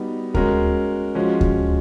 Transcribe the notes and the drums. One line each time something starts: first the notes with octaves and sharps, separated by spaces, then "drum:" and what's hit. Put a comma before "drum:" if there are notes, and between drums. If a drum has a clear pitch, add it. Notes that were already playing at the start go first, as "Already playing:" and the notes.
Already playing: G3 B3 D#4 F#4
G#3 C#4 F#4 A#4, drum: kick D2
F3 G#3 C#4 F#4
drum: kick D2